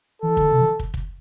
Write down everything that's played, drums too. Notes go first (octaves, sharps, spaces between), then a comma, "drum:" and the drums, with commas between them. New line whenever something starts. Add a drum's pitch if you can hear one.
E3 A4
D3, drum: kick
C3
E3
drum: kick
drum: kick